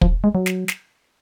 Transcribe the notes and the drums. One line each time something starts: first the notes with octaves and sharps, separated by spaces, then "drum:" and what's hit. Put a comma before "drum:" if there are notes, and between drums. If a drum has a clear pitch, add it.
F3, drum: kick
G#3
F#3
drum: snare
drum: snare